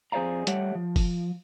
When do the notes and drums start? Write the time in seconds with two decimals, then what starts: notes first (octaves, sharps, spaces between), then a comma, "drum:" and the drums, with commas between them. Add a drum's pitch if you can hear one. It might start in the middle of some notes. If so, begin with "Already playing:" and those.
0.12 F2 G#4 C5 D5 F5 A#5
0.47 G3 A3 G4 C#5 F#5, drum: hi-hat
0.75 F3
0.96 drum: kick, open hi-hat